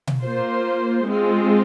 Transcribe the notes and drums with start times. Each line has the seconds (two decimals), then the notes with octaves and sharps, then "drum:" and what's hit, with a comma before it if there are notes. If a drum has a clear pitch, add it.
0.07 drum: tom B2
0.23 A#3 F4 C5
1.08 G#3 C4 F4